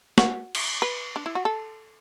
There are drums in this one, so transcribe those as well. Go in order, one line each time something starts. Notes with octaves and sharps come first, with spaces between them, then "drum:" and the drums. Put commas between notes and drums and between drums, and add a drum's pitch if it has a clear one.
F#4, drum: snare
drum: cymbal
B4
D4
E4
F#4
A4